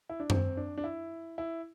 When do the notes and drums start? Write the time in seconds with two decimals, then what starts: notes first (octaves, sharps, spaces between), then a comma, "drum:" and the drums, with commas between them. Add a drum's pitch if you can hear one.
0.10 E4
0.20 D4
0.30 C4, drum: tom F#2
0.57 D4
0.78 D4
0.84 E4
1.38 E4